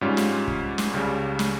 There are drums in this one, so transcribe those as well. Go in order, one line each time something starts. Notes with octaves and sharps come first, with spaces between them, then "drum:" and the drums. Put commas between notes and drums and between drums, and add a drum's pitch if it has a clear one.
G#2 G3 C#4 F4
drum: snare
drum: kick
drum: snare
C#2 C#3 G3
drum: snare